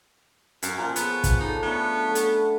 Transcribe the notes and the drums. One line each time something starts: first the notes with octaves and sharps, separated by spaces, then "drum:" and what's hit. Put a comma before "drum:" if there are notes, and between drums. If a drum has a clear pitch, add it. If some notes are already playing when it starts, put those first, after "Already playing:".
F#2 A#4, drum: hi-hat
A#2 F3 C4
B3 G#4 C#5, drum: hi-hat
drum: kick, hi-hat
D#4 A4 D5 A#5
A3 B3 C#4 D4
F#3 A3 A4
drum: hi-hat